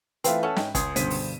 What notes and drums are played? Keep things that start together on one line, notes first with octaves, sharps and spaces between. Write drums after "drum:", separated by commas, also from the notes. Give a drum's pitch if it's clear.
E3 A3 C4 F4 B4 E5, drum: hi-hat
C#4 A4 F#5 A5
G#2 D#5 G5, drum: snare
C#2 C#4 G#4, drum: kick, hi-hat
G2 B2 D3 C5 B6 D#7, drum: hi-hat
drum: open hi-hat